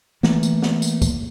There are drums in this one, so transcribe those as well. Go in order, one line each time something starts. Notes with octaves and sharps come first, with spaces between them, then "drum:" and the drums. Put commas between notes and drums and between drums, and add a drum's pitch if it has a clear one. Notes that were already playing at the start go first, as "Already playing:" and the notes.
E3 A3 A#3, drum: snare
drum: tambourine
drum: snare
drum: tambourine
drum: kick, tambourine